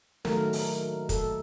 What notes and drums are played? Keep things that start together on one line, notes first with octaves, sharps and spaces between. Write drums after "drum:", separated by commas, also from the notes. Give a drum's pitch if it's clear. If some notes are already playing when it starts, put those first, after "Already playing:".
D#3 F#3 A3 A#4, drum: snare
drum: open hi-hat
A4, drum: kick, hi-hat